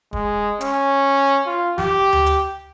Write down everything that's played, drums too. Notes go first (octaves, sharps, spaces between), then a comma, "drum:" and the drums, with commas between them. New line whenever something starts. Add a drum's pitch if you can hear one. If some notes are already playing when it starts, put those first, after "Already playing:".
G#3, drum: kick
C#4, drum: hi-hat
F4
G4, drum: snare
drum: tom D2
drum: hi-hat